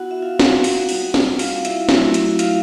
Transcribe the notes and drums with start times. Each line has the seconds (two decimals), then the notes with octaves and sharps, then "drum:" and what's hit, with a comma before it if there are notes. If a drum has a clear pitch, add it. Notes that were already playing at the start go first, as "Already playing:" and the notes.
Already playing: B3 E4 F#4 F#5
0.11 E5
0.22 F4 F5
0.39 F#4 F#5, drum: snare
0.64 drum: open hi-hat
0.89 G3 A#3 D#4 F#4, drum: open hi-hat
1.14 drum: snare
1.39 F4 F5, drum: open hi-hat
1.65 E4 E5, drum: hi-hat
1.89 F#3 A3 D4 E4 F#4 E5, drum: snare
2.14 drum: hi-hat
2.39 F4 F5, drum: hi-hat